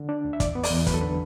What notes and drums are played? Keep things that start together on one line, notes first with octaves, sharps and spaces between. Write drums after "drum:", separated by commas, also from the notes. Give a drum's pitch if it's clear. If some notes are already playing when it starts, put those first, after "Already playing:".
Already playing: D3
D4
D2
E5
E2 D5, drum: kick, hi-hat
B3
D5, drum: open hi-hat
E2
F#3 B4, drum: kick, hi-hat
A4
D3 B4